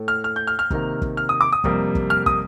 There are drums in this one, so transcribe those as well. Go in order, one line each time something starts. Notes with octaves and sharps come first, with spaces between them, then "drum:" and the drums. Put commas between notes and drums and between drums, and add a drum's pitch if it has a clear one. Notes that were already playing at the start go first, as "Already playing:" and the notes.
Already playing: A2 A3
F6
F6
G6
F6
F6
C3 D#3 A#3, drum: kick
drum: kick
F6
D#6
D6
D#6
F2 C3 G3 A#3, drum: kick
drum: kick
F6
D#6, drum: kick